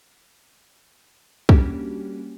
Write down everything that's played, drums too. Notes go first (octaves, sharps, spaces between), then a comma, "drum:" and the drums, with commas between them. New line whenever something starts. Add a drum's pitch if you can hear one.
G3 A#3 C#4 D4 F#4 G4, drum: kick